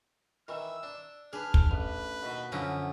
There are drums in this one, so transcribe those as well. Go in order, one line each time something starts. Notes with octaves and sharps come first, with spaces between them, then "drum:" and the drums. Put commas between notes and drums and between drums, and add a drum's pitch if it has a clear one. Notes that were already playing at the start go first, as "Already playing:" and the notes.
D#3 E3 E6
D4
D4 G#4 B4 F6
drum: kick
A1 B4
D#2 B2
F#2 D3 F3 C#4 A#5